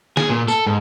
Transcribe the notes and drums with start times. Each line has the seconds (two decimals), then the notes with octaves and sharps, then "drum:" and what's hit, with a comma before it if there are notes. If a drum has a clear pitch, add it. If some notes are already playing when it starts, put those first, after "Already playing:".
0.17 G#4, drum: snare
0.30 A#2
0.48 A4, drum: tambourine
0.67 G#2